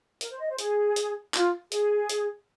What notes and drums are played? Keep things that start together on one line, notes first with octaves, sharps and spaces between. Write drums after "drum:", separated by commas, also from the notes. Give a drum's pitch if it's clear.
A#4, drum: hi-hat
C5
D#5
C5
G#4, drum: hi-hat
drum: hi-hat
F4, drum: clap
G#4, drum: hi-hat
drum: hi-hat